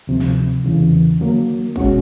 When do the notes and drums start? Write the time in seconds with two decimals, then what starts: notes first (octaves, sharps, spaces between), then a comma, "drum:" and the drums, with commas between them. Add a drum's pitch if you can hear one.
0.07 D2 C3 F3
0.20 drum: snare
0.64 E2 C#3 E3
1.20 D3 F#3 A#3
1.76 B2 G#3 C#4 F#4, drum: kick